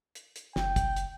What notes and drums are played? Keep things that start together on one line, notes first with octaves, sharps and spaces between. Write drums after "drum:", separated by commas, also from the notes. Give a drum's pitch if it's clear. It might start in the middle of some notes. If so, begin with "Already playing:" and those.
drum: hi-hat
drum: hi-hat
F#1 G5, drum: snare
drum: kick, hi-hat
drum: hi-hat